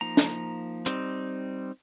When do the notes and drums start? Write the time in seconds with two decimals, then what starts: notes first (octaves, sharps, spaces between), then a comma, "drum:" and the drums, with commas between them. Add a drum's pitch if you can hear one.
0.01 F3 A#3 D#4 A#5
0.17 drum: snare
0.86 G3 C4 D#4, drum: hi-hat